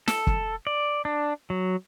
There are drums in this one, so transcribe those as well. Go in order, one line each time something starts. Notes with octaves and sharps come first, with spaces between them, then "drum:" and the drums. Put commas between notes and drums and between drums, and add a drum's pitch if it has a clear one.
A4, drum: snare
drum: kick
D5
D4
F#3